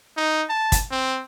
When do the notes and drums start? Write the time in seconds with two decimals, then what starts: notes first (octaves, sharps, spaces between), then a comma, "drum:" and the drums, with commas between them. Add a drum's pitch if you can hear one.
0.17 D#4
0.50 A5
0.72 drum: kick, hi-hat
0.91 C4